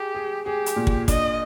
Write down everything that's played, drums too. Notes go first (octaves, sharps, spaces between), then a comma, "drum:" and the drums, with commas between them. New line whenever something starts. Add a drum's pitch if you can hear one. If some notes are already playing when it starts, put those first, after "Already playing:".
Already playing: G4 G#4
G#4
G4 G#4
drum: hi-hat
A#2
drum: kick
D4 D#5, drum: kick, hi-hat